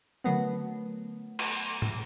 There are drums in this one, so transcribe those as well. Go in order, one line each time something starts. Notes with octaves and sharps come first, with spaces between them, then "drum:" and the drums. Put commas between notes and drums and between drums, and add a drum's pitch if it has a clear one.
D3 F#3 A3 B3 A#4 F#5
drum: cymbal
drum: tom A2